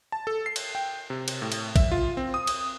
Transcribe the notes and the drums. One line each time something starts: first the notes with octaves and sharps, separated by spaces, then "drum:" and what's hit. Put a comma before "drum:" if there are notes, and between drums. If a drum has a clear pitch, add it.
A5
A4
C7
drum: cymbal
G5
C3
drum: cymbal
A2
drum: cymbal
E5, drum: kick A#1, cymbal
F4
C4
D#6
drum: cymbal